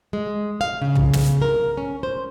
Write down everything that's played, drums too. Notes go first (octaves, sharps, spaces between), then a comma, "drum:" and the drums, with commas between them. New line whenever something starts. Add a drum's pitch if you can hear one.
G#3
F5
C#3
drum: tom
drum: snare
A#4
C#4
C5